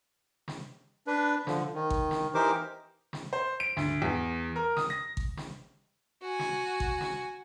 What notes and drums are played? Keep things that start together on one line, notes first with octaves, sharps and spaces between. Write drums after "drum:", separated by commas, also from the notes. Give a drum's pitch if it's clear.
drum: snare
D4 B4
D3 F3, drum: snare
D#3
drum: kick G#1
drum: snare
E3 D#4 G4 A#4 C5 D6
drum: snare
C5
D7
D2, drum: snare
E2
A#4
D#6, drum: snare
A#6
drum: kick G#1
drum: snare
F#4 G#5
drum: snare
drum: kick G#1
drum: snare